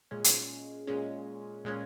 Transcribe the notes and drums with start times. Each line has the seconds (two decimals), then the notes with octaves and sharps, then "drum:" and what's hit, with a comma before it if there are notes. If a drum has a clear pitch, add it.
0.11 A#2 G#3 C#4
0.24 drum: hi-hat
0.87 A#2 G#3 C#4
1.65 A#2 G#3 C#4